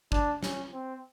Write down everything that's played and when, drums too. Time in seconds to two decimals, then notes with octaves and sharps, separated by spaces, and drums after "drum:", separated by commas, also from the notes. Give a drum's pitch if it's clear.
0.12 D4, drum: kick
0.43 C#4, drum: snare
0.73 C4